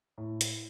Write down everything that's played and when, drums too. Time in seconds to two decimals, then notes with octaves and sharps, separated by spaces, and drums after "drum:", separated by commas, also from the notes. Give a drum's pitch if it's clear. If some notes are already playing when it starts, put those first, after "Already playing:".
0.18 A2
0.41 drum: hi-hat